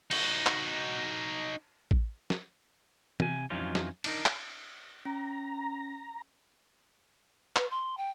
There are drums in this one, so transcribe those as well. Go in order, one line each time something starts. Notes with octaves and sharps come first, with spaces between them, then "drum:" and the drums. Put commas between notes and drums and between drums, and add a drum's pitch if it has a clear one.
D#4 F#4, drum: cymbal
drum: clap
drum: kick A1
drum: snare
C3 G#5, drum: tom
F2 E3 F#3 C#4 D#4 F4
drum: snare
D4 D#4 A#4, drum: cymbal
drum: clap
C#4 A#5
B4, drum: clap
C6
G5